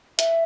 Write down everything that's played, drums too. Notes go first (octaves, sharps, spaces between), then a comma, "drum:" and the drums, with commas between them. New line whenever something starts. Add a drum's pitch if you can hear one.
E5, drum: hi-hat